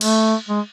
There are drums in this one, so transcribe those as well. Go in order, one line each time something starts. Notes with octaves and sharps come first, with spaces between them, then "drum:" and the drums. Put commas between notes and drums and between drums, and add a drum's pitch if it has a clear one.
A3, drum: cymbal
G#3